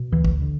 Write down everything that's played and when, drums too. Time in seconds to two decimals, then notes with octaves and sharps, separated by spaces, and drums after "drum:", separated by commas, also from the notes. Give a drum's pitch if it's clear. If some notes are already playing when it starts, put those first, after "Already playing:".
Already playing: B2
0.12 D2 E3
0.25 drum: kick
0.42 D3